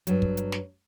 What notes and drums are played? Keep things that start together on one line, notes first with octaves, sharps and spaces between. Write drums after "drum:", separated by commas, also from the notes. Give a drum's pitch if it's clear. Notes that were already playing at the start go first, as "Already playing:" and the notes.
G2 F#3, drum: hi-hat
drum: kick
drum: hi-hat
drum: snare